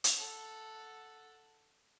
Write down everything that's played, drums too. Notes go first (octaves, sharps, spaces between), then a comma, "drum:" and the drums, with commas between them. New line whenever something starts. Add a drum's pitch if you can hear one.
drum: hi-hat
A4 F#5